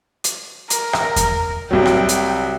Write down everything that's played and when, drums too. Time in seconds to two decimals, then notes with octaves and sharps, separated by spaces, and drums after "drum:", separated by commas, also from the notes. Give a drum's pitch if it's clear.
0.24 drum: hi-hat
0.70 A#4, drum: hi-hat
0.93 drum: rim click
1.16 drum: kick E2, hi-hat
1.71 C2 F#3 G5
1.86 drum: rim click
2.09 drum: hi-hat